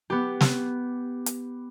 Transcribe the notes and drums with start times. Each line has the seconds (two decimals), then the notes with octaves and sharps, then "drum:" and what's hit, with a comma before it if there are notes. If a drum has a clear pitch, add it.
0.10 B3 G4
0.41 drum: snare
1.26 drum: hi-hat